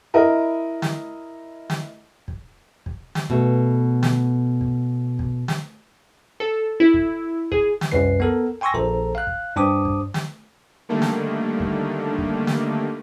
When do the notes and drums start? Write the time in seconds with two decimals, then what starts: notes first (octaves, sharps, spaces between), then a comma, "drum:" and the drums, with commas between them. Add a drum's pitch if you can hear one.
0.14 E4 A#4 D#5
0.82 drum: snare
1.70 drum: snare
2.28 drum: kick
2.86 drum: kick
3.15 drum: snare
3.30 B2 A3
4.03 drum: snare
4.61 drum: kick
5.19 drum: kick
5.48 drum: snare
6.40 A4
6.80 E4
6.94 drum: kick
7.52 G#4, drum: kick
7.81 drum: snare
7.92 C2 F#2 B4 C7
8.20 B3 A4 A#4
8.61 G5 G#5 C6 C#6 E6 A#6
8.74 A#1 A4 C5 A#5
9.15 F5 F#6
9.27 drum: kick
9.56 G2 D4 C5 D6 D#6
9.85 drum: kick
10.14 drum: snare
10.89 D3 D#3 G3 A3 A#3 D4
11.02 drum: snare
11.60 drum: kick
12.18 drum: kick
12.47 drum: snare